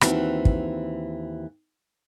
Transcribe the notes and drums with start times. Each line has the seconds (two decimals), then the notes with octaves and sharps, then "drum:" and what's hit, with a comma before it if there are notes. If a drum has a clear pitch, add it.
0.01 D#2 E3 C4 F#4, drum: rim click
0.45 drum: kick